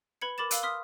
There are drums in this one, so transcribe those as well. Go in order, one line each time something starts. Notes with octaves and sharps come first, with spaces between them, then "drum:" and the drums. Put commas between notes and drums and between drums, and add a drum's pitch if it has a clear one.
B4 B5 G#6 C#7
A#4 B5 D6 A6 E7
F5 E6 F#6 D#7, drum: hi-hat
C6 D#6 F6 B6